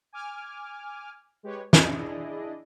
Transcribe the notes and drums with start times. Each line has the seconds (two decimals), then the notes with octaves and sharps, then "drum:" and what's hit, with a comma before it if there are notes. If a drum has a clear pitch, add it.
0.13 G#5 D6 F6
1.43 G#3 G4 B4 C#5
1.73 D4 E4 G#4 D5 D#5, drum: snare